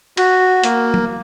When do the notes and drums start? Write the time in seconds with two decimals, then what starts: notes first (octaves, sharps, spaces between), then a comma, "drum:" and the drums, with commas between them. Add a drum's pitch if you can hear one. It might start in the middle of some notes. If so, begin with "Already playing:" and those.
0.17 F#4, drum: cymbal
0.64 A#3, drum: hi-hat
0.94 drum: tom F#3